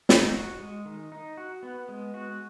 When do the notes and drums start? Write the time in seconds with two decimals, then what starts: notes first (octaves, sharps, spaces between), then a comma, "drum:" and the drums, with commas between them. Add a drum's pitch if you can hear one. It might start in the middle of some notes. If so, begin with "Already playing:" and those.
0.09 D#4, drum: snare
0.34 F#4
0.60 G#3
0.85 D#3
1.12 D#4
1.37 F#4
1.63 B3
1.89 G#3
2.14 F#4